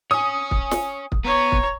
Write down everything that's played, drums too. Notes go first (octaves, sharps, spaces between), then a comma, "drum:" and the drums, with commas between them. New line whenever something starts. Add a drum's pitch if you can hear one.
C#5 G#5 D#6
drum: kick
drum: snare
drum: kick
B3 C#5 A#5
drum: kick